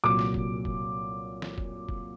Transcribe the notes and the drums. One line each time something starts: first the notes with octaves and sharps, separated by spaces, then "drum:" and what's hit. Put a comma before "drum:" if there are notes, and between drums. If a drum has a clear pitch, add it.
C2 A#2 F#3 D6
drum: snare
drum: kick
drum: kick
drum: snare
drum: kick
drum: kick